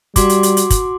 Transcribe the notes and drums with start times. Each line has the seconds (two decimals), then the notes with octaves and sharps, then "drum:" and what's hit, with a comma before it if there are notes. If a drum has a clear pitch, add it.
0.16 G3 F#4 C6 D6, drum: kick, hi-hat
0.29 drum: hi-hat
0.43 drum: hi-hat
0.57 drum: hi-hat
0.70 drum: kick, hi-hat